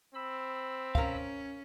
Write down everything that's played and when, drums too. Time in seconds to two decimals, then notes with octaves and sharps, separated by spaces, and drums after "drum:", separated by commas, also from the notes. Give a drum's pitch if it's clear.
0.15 C4 B5 E6
0.95 C#4 A#4 F5, drum: kick C#2